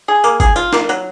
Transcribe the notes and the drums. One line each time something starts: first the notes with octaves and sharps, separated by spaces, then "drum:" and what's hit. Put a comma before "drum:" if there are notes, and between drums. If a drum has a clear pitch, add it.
G#4
A#3, drum: tambourine
G#4, drum: kick, tambourine
F4, drum: tambourine
A#3, drum: snare
F#3, drum: tambourine